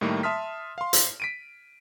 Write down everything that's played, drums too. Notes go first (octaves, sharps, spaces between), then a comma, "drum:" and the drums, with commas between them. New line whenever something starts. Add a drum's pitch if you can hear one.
A2 D#3 G3 A3 A#3
E5 A5 C6 D#6 F6 B6
F5 C6
drum: hi-hat
B6 D7 D#7